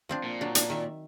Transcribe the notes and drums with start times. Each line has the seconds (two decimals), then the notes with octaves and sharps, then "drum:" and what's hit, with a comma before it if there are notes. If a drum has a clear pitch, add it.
0.09 F3 C4 D4
0.23 A#2
0.41 F#3 D4
0.55 D4, drum: hi-hat
0.70 D#3 E5